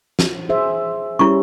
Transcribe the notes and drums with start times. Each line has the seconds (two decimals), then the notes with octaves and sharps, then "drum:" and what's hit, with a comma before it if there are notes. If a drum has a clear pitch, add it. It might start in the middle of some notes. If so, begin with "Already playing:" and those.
0.19 drum: snare
0.49 G#4 C5 E5
1.19 G3 C#4 E4 C#6